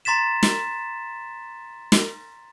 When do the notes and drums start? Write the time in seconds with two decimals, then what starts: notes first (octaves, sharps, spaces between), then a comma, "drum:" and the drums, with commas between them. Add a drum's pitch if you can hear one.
0.05 A#5 C6 A6 B6 E7
0.43 drum: snare
1.92 drum: snare